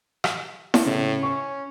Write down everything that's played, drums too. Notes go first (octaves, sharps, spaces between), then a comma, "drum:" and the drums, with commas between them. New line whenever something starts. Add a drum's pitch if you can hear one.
drum: rim click
drum: snare E4
A2 C#3
C#4 C#6